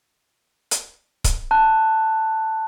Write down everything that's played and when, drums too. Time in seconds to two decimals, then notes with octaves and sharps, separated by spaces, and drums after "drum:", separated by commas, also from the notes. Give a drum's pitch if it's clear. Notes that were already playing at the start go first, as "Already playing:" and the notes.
0.71 drum: hi-hat
1.24 drum: kick C#1, hi-hat
1.51 A5 F#6